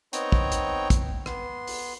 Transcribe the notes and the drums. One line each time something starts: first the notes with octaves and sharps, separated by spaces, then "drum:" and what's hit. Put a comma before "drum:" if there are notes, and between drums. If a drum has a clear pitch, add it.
B3 C4 D#4 C#5 G5 A#5, drum: hi-hat
drum: kick
drum: hi-hat
drum: kick, hi-hat
B3 C6, drum: rim click
drum: open hi-hat